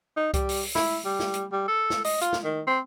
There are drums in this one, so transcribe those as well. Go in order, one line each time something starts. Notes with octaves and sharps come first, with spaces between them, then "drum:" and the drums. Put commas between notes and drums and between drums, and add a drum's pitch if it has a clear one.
D#4
G3, drum: kick C2, hi-hat
drum: open hi-hat
drum: open hi-hat
E4, drum: snare
G3
drum: snare
drum: hi-hat
G3
A4
drum: snare
D#5, drum: open hi-hat
F4, drum: hi-hat
drum: snare
D#3
C4